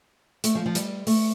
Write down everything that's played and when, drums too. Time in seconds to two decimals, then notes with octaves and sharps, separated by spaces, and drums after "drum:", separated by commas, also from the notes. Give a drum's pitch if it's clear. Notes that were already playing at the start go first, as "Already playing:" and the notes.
0.44 A3, drum: hi-hat
0.55 F3
0.66 F3
0.75 G3, drum: hi-hat
1.07 A3, drum: open hi-hat